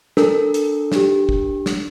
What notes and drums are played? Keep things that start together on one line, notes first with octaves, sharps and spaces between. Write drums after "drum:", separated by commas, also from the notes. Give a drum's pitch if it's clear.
D4 A4 A#4, drum: snare
drum: hi-hat
D4 G4, drum: snare
drum: kick
drum: snare